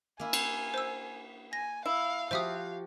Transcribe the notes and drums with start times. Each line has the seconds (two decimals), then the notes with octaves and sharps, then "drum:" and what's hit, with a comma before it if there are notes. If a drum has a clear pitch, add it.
0.20 A#3 E4 G#5
0.33 drum: cymbal
0.74 C5 E6
1.53 G#5 A#6
1.86 E4 F5
2.31 F3 F#4 G4 C5 E5 F5 D#6